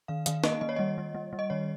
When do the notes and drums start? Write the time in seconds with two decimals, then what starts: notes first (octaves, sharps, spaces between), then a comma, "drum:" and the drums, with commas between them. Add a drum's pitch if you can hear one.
0.08 D#3 F5
0.26 D#3 F5, drum: hi-hat
0.44 A#3 D#5, drum: snare
0.61 D#3 D#5
0.69 C#5
0.76 G3 D#5
0.98 G3
1.15 G3
1.33 G3
1.39 D#5
1.50 D#3 C#5